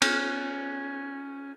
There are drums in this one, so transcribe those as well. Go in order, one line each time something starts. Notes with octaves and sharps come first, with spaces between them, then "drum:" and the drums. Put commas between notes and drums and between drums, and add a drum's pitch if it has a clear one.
C#4, drum: cymbal